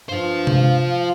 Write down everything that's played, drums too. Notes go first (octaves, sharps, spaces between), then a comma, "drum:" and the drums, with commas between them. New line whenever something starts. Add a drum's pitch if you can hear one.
G2 F4 C5 F5
drum: tom C3